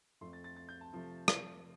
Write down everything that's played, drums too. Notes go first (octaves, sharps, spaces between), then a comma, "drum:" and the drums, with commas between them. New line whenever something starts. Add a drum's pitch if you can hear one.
F2 F3 A3 C4 C6
A6
A6
A6
G6
A5
C3 F3 A3
drum: rim click